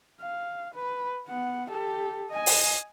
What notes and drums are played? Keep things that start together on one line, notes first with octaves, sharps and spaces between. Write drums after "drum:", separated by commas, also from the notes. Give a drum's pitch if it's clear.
F5
B4
B3 F#5
G4 A4
D#5 G#5
drum: open hi-hat